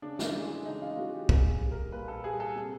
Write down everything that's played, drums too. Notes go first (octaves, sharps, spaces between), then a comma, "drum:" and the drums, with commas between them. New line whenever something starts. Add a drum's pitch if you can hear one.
C#3 D4
drum: snare
E3 G#3
C#3 D#4
F4
E3 G#3 F#4
G4
A#2 G#4, drum: kick
G3
A#4
A#2 B4
A4
G3 G#4
A4
C3